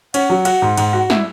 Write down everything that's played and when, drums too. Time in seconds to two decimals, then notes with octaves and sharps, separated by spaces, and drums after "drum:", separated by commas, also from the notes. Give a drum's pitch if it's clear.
0.14 C#4 F#5, drum: cymbal
0.30 F#3
0.45 F#4, drum: cymbal
0.62 G#2
0.77 G#2, drum: cymbal
0.93 F#4
1.10 E4, drum: snare